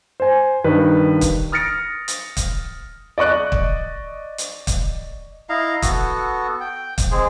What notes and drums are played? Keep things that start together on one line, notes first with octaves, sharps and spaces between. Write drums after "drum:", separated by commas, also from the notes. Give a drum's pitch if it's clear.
C5 G#5
G2 D#3 B4
drum: kick, hi-hat
D#6 F6 A6 A#6 C#7 D7
drum: hi-hat
drum: kick, hi-hat
D5 D#5 C#6 F#6
drum: kick
drum: hi-hat
drum: kick, hi-hat
E4 D#5 F5 A#5
B3 F#4 A4, drum: kick, hi-hat
G5
drum: kick, hi-hat
G#3 C4 G#4